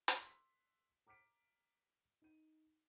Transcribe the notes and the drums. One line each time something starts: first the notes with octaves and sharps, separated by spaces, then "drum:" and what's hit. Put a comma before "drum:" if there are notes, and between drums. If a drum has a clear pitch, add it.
drum: hi-hat
C6 D6 E6 F#6 B6
A#5 D6 F6 B6 D7
D#4 D#7